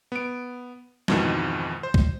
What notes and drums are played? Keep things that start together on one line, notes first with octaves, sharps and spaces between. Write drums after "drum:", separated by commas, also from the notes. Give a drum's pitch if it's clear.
B3 D7
F2 G#2 B2 D#3 E3, drum: snare
C5
drum: kick